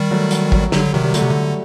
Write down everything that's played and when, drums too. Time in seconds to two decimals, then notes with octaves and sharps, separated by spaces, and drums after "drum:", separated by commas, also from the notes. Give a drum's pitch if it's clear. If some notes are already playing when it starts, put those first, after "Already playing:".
Already playing: D#3 G3
0.11 F#3 A3
0.31 F#3, drum: hi-hat
0.52 F#3, drum: kick
0.72 D3 F#3 G3, drum: snare
0.93 C3 D#3 F#3
1.04 G3
1.14 D3 F#3 A3, drum: hi-hat
1.22 C3
1.31 D3